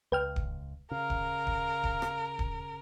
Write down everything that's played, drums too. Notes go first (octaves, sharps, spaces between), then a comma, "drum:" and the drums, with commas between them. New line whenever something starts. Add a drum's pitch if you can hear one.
C#2 B4 G5 F6
drum: kick D1
C#3 A#4 F5
drum: kick D1
drum: kick D1
drum: kick D1
drum: rim click
drum: kick D1